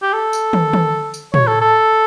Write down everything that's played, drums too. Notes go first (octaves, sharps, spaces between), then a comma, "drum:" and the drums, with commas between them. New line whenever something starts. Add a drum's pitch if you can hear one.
G4
A4
drum: tambourine
drum: tom
drum: tom
drum: tambourine
C#5, drum: tom
A4
A4